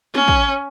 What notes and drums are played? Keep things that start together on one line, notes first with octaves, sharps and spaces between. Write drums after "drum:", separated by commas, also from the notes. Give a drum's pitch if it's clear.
C#4, drum: snare
drum: kick